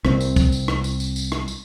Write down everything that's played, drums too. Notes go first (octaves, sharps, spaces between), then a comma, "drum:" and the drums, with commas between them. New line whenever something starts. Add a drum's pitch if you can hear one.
C2 C4, drum: rim click
drum: tambourine
drum: kick, tambourine
drum: tambourine
drum: rim click
drum: tambourine
drum: tambourine
drum: tambourine
drum: rim click
drum: tambourine